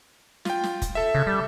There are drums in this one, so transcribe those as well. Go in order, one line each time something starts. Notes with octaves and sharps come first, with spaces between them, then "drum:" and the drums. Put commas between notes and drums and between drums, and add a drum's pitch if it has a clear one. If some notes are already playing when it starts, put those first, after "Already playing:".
F4 G5, drum: snare
drum: snare
drum: kick, hi-hat
A4 E5
C#3
G3